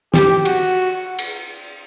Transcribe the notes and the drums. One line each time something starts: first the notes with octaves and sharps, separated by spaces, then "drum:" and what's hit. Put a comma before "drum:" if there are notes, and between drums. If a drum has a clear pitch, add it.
G4, drum: snare
F#4, drum: cymbal
drum: cymbal